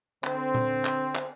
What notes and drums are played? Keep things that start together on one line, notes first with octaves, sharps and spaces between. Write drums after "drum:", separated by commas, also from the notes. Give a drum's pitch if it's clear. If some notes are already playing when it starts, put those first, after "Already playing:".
D3 C4, drum: clap
drum: tom A#2
drum: clap
drum: clap